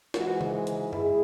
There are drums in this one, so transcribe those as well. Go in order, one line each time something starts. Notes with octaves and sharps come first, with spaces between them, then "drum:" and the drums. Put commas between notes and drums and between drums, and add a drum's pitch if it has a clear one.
G#2 E3 G#3 F#4 A#4, drum: snare
drum: tom C#3
drum: hi-hat
G#3 E4 G#4, drum: tom F#2